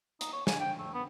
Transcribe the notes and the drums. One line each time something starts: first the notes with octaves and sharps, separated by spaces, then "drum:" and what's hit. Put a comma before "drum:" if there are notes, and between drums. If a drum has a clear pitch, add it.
D#4, drum: hi-hat
C#5
G#5, drum: snare
G5
A3
B3